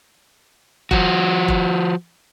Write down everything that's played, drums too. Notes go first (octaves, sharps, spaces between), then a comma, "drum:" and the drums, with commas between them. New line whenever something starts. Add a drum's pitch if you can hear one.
F3 F#4, drum: kick F1
drum: kick F1